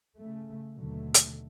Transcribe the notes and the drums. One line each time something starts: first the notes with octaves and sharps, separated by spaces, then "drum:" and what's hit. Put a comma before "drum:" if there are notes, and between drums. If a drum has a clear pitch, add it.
C#3 A3
D#2 B2 D3 F#3 A3
drum: hi-hat